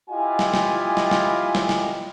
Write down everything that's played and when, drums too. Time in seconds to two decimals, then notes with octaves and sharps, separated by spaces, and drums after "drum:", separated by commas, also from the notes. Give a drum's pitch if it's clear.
0.10 E4 F4 G4 D#5 F5 G#5
0.39 drum: snare
0.54 drum: snare
0.97 drum: snare
1.11 drum: snare
1.55 drum: snare
1.69 drum: snare